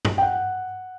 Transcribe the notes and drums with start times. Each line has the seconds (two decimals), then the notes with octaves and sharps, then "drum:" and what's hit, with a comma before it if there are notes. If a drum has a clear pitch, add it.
0.05 drum: tom G2
0.18 G5
0.22 F#5